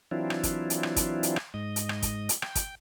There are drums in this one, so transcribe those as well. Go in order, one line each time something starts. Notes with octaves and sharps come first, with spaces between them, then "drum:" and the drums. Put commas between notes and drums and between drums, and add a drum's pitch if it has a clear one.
E3 F#3 C4 D4 E4 F4
drum: rim click
drum: kick, hi-hat
drum: hi-hat
drum: rim click
drum: kick, hi-hat
drum: hi-hat
drum: rim click
G#2 D#5
drum: hi-hat
drum: rim click
drum: kick, hi-hat
drum: hi-hat
G5, drum: rim click
drum: kick, hi-hat